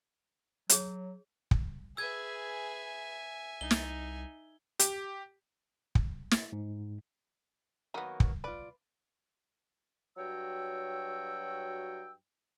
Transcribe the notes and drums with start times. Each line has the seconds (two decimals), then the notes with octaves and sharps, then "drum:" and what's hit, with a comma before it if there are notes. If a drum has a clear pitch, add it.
0.69 F#3 G#4 C#5, drum: hi-hat
1.51 drum: kick
1.97 G#4 B4 E5 G#5 E6 G#6
3.61 C2 D#4 G7
3.71 drum: snare
4.79 G4, drum: hi-hat
5.95 drum: kick
6.31 drum: snare
6.52 G#2
7.94 D#3 F#3 A#3 B3 D#4
8.20 drum: kick
8.44 F4 B4 D5
10.17 G2 F#3 F#4 C#5 G5 E6